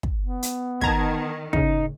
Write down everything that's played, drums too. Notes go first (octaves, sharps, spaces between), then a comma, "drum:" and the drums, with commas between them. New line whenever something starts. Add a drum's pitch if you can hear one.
drum: kick
B3
drum: hi-hat
D#3 A5 A#5 G#6, drum: kick
A2 C#3 D#4, drum: kick